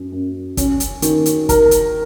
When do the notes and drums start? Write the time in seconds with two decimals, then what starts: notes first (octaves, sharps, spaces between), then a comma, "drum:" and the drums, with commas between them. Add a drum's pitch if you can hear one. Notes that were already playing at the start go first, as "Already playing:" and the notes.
Already playing: F#2
0.12 F#2
0.57 C#4, drum: kick, hi-hat
0.80 drum: hi-hat
1.02 D#3, drum: hi-hat
1.26 drum: hi-hat
1.49 A#4, drum: kick, hi-hat
1.71 drum: hi-hat